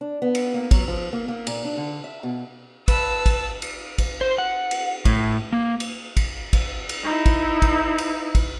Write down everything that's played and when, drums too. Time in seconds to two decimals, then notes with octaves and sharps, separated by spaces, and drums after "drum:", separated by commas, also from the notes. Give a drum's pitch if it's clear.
0.01 D4
0.22 B3
0.35 drum: cymbal
0.54 A#3
0.71 F#3, drum: kick, cymbal
0.88 F3
1.13 A#3
1.28 A#3
1.47 A#2, drum: cymbal
1.65 D4
1.77 D3
2.04 E5
2.23 B2
2.88 B4 A5 E6, drum: kick, cymbal
3.26 drum: kick, cymbal
3.62 drum: cymbal
3.98 drum: kick, cymbal
4.21 C5
4.38 F#5
4.71 drum: cymbal
5.05 A2, drum: kick, cymbal
5.53 A#3
5.80 drum: cymbal
6.17 drum: kick, cymbal
6.53 drum: kick, cymbal
6.89 drum: cymbal
7.03 D#4 E4
7.26 drum: kick, cymbal
7.62 drum: kick, cymbal
7.98 drum: cymbal
8.35 drum: kick, cymbal